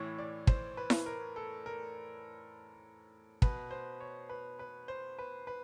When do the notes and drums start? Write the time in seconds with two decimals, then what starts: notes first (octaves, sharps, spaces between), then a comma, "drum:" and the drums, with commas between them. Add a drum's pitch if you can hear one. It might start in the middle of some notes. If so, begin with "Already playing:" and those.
Already playing: A2 E3 C#5
0.18 D5
0.47 C5, drum: kick
0.77 B4
0.90 drum: snare E4
1.06 A#4
1.36 A4
1.66 A#4
3.42 B2 B4, drum: kick
3.71 C5
4.01 C#5
4.29 B4
4.59 B4
4.88 C5
5.19 B4
5.47 B4